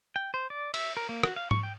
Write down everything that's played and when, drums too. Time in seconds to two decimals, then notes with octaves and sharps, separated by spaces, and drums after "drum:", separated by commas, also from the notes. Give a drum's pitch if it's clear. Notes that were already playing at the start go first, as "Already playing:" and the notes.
0.16 G5
0.34 C5
0.50 D5
0.74 E5, drum: cymbal
0.97 A#4
1.09 A#3
1.23 F#4, drum: rim click
1.36 F5
1.51 C#6, drum: tom G#2
1.63 G5